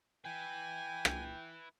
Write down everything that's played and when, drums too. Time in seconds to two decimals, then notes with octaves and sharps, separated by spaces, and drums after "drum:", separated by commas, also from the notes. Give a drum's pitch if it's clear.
0.25 E4 B4 G5 G#5
1.05 drum: rim click